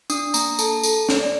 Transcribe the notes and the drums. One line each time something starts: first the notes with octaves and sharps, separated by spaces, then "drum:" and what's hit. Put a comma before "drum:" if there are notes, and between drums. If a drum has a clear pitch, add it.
D4 D#6, drum: tambourine
A#3 A#5, drum: tambourine
A4 A5, drum: tambourine
A4, drum: tambourine
A#3, drum: snare
D5